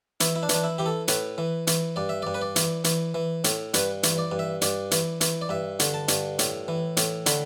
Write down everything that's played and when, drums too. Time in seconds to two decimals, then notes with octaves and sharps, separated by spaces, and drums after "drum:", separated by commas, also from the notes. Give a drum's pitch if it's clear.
0.20 E3 E4, drum: hi-hat
0.36 E4
0.43 D4
0.49 E3, drum: hi-hat
0.55 D4
0.64 E4
0.78 E3 G4
0.86 A4
1.08 A2 B4, drum: hi-hat
1.38 E3
1.67 E3, drum: hi-hat
1.96 G2 D5
2.09 E5
2.22 G2 D5
2.34 B4
2.41 D5
2.56 E3, drum: hi-hat
2.84 E3, drum: hi-hat
3.14 E3
3.44 A2, drum: hi-hat
3.74 G2 B4, drum: hi-hat
4.03 E3, drum: hi-hat
4.18 D5
4.32 G2
4.39 E5
4.62 G2 D5, drum: hi-hat
4.91 E3, drum: hi-hat
5.21 E3, drum: hi-hat
5.41 D5
5.49 G2 E5
5.79 D3, drum: hi-hat
5.94 A5
6.08 G2, drum: hi-hat
6.39 A2, drum: hi-hat
6.68 E3
6.97 A2, drum: hi-hat
7.26 D3 B5, drum: hi-hat